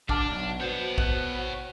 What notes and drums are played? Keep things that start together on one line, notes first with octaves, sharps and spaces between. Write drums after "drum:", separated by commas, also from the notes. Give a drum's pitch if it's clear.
D3 D4 A5 D6 F6, drum: kick A1
B1
B3 F#4 C5 C#5 A5 G6
F#6, drum: kick A1